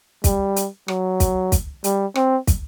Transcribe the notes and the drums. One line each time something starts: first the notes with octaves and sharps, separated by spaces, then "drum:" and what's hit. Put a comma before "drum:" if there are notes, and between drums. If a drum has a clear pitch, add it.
G3, drum: kick, hi-hat
drum: hi-hat
F#3, drum: rim click
drum: kick, hi-hat
drum: kick, hi-hat
G3, drum: hi-hat
C4, drum: rim click
drum: kick, hi-hat